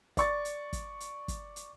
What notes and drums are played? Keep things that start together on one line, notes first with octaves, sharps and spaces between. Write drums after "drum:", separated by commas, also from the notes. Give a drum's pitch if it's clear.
D5 C#6 A6, drum: kick, hi-hat
drum: hi-hat
drum: kick, hi-hat
drum: hi-hat
drum: kick, hi-hat
drum: hi-hat